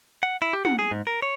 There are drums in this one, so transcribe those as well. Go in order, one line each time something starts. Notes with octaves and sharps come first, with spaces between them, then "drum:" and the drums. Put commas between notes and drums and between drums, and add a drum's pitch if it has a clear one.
F#5
E4
G4
F#5, drum: tom
G#4
G#2
A#4
C#5